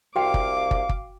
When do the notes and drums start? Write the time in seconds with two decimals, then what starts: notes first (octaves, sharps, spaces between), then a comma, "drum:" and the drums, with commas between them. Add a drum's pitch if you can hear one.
0.16 C2 F#4 F5 G5 D6
0.34 drum: kick
0.71 drum: kick
0.89 drum: kick